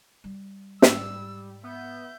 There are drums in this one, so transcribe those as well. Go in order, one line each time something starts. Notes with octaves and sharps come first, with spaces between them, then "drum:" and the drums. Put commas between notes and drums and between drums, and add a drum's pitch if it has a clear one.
G3
G#2 G3 E6, drum: snare
B3 E5 G6